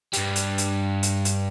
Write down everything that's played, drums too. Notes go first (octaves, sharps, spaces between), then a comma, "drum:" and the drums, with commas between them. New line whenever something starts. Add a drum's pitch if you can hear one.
G2 G3, drum: hi-hat
drum: hi-hat
drum: hi-hat
drum: hi-hat
drum: hi-hat